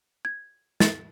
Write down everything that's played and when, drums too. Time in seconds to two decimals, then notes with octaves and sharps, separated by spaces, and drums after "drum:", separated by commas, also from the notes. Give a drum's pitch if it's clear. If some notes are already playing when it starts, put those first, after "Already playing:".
0.25 G#6
0.80 A6, drum: snare